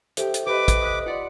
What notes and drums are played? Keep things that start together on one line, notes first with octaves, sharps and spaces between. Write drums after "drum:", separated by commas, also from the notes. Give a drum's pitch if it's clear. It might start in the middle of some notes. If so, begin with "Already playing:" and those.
G4 A4 C5 E5 G5, drum: hi-hat
drum: hi-hat
G4 B4 D#5 D6
drum: kick, hi-hat
D#6 F#6 B6
F4 D5 F#5 C6